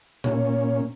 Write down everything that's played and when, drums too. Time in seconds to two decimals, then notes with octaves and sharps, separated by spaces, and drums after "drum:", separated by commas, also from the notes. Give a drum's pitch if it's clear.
0.24 A#2 C#4, drum: tom B2